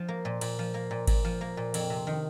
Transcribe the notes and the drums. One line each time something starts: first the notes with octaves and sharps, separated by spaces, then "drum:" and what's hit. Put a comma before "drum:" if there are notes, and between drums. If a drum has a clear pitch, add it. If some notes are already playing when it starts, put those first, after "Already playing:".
Already playing: F3
A#3
A#2
A#2, drum: cymbal
F3
A#3
A#2
A#2, drum: kick G#1, cymbal
F3
A#3
A#2
F2, drum: cymbal
C3
D#3